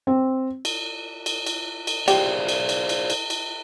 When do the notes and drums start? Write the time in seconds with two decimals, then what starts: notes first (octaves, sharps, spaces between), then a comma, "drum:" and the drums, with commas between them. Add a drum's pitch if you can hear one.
0.07 C4
0.65 drum: cymbal
1.26 drum: cymbal
1.46 drum: cymbal
1.87 drum: cymbal
2.08 G4 G#4 C5 D5, drum: cymbal
2.49 drum: cymbal
2.69 drum: cymbal
2.89 drum: cymbal
3.10 drum: cymbal
3.30 drum: cymbal